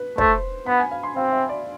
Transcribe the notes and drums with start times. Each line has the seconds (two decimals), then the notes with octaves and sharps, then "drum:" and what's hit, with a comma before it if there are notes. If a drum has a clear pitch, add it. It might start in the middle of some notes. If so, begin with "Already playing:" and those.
Already playing: B4
0.18 A3 C5, drum: kick
0.66 B3 B5
0.80 G#5
0.91 F5
1.03 C6
1.15 C4 F5
1.33 E5
1.49 D5